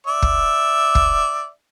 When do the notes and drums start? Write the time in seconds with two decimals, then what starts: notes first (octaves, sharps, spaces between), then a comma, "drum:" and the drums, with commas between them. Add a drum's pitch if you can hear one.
0.07 D5 E5
0.22 drum: kick
0.95 drum: kick